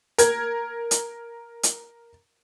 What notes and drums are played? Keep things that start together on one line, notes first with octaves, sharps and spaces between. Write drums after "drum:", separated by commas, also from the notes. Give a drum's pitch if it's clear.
A#4 G#6, drum: hi-hat
drum: hi-hat
drum: hi-hat